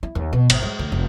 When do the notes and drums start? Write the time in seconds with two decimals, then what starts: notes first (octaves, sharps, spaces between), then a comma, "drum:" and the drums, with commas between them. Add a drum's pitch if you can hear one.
0.03 E4
0.15 D#2
0.33 B2
0.50 G#1, drum: cymbal
0.63 G#3
0.79 D2
0.92 F1